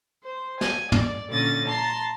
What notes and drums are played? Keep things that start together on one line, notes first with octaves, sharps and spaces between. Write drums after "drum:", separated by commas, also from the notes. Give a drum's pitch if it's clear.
C5
G#5, drum: snare
D5, drum: tom
A#2 D3 C#4 A6 A#6
A5 A#5 C6 A6